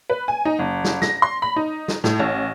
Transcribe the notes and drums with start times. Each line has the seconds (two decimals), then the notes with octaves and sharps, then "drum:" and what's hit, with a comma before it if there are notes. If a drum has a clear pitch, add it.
0.10 B4
0.28 G#5
0.45 D#4
0.59 F#1
0.84 drum: snare
1.02 A#6, drum: snare
1.22 C6
1.42 B5
1.56 D#4
1.88 drum: snare
2.04 A2, drum: snare
2.20 A1